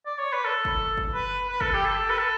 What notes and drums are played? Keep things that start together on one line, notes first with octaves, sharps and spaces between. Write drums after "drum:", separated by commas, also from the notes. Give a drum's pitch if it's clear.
D5
C#5
B4
A4
drum: kick
drum: kick
B4
B4
A4, drum: kick
G4
A4
B4
A4